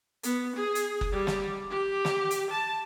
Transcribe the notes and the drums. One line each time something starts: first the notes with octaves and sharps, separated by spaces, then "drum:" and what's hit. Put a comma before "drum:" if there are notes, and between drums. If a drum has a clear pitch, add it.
B3, drum: hi-hat
G#4
drum: hi-hat
drum: kick F#1
G3
drum: snare
G4
drum: snare
drum: hi-hat
A5